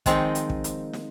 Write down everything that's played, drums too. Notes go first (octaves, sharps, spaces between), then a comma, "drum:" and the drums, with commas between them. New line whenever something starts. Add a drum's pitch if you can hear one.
D#3 F3 G#3 C4 D#4, drum: kick, hi-hat
drum: hi-hat
drum: kick
drum: hi-hat
drum: snare